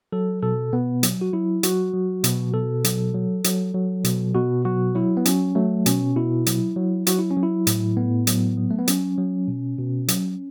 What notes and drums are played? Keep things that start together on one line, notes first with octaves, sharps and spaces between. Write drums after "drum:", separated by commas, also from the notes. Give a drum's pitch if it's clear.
F#3 A4
B2 A4
B2 B3
F#3, drum: hi-hat
F#4
F#3 E4
F#3 F#4, drum: hi-hat
F#3
B2, drum: hi-hat
B2 A4
F#3, drum: hi-hat
F#3
F#3, drum: hi-hat
F#3
B2, drum: hi-hat
B2 F#4
F#3 F#4
F#3 E4
B3
F#3 C#4, drum: hi-hat
F#3 A3
B2 C#4, drum: hi-hat
B2 E4
F#3, drum: hi-hat
F#3
F#3 F#4, drum: hi-hat
E4
C#4
F#3
E4
A2, drum: hi-hat
A2 B3
F#3, drum: hi-hat
F#3
A3
B3
F#3 C#4, drum: hi-hat
F#3
B2
B2
F#3, drum: hi-hat